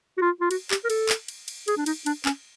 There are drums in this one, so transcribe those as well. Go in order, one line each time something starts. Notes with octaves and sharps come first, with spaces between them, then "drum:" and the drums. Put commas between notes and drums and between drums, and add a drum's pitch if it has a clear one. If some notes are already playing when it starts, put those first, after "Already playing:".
F#4
F4
F4
F#4, drum: cymbal
G4, drum: clap
A#4
A4, drum: cymbal
drum: clap
drum: cymbal
drum: cymbal
G#4, drum: cymbal
D4
D#4, drum: cymbal
D4, drum: cymbal
C#4, drum: clap